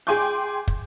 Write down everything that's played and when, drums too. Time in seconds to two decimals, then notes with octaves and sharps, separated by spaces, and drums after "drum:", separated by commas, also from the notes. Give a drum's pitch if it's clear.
0.07 G#4 G5 G#5 C6 D6 G6
0.68 drum: kick